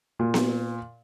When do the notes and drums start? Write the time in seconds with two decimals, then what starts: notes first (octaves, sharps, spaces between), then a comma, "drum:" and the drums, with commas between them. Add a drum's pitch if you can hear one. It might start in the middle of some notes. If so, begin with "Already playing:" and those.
0.19 A#2
0.34 drum: snare B3